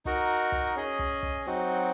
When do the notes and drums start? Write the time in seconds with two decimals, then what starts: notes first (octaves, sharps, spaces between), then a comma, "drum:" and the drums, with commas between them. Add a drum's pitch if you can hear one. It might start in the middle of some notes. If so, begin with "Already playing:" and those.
0.05 D#4 F#4 A#4, drum: kick
0.52 drum: kick
0.76 C#4 G#4 D#5
0.99 drum: kick
1.23 drum: kick
1.46 F#3 C4 D#4 F#4